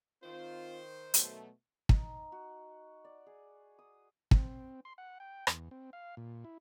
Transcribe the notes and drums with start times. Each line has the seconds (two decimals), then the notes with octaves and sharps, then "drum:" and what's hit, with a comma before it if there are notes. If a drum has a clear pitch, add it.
0.23 D#3 C4 F4 C5
1.14 B2 F#3 A3, drum: hi-hat
1.89 D#4, drum: kick
2.32 F#4
3.04 D5
3.26 G#4
3.79 D#6
4.31 C4, drum: kick
4.85 C6
4.98 F#5
5.20 G5
5.47 E2, drum: rim click
5.71 C4
5.93 F5
6.17 A#2
6.44 E4